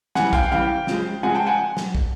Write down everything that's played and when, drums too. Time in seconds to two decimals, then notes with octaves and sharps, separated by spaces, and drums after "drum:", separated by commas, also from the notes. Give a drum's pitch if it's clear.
0.15 C#3 E3 G3 F#5 G#5, drum: snare
0.33 F5 G5, drum: kick
0.51 C#3 E3 G3 F5 G5
0.87 C#3 F3 G#3, drum: snare
1.23 C#3 F3 G#3 F#5 G#5
1.35 G5 A5
1.47 F#5 G#5
1.77 drum: snare
1.95 drum: kick